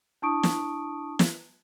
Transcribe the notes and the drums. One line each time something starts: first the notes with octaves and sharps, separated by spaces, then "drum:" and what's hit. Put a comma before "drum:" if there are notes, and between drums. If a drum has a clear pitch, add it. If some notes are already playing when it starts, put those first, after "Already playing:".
D4 E4 A5 C#6 D#6 D7
drum: snare
drum: snare